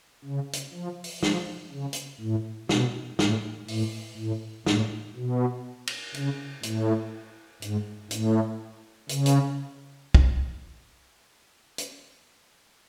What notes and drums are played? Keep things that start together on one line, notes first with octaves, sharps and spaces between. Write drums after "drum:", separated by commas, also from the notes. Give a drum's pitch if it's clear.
C#3
drum: hi-hat
F3
drum: open hi-hat
F3, drum: snare
C#3
drum: hi-hat
A2
B2, drum: snare
A2, drum: snare
A2, drum: open hi-hat
A2
A2, drum: snare
B2
drum: cymbal
C#3, drum: hi-hat
A2, drum: hi-hat
G#2, drum: hi-hat
A2, drum: hi-hat
C#3, drum: hi-hat
drum: hi-hat
drum: kick
drum: hi-hat